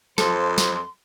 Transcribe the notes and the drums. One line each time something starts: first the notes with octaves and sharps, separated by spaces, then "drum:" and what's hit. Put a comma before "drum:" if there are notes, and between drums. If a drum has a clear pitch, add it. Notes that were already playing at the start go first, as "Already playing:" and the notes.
F2 F3 A4 C6, drum: snare
drum: snare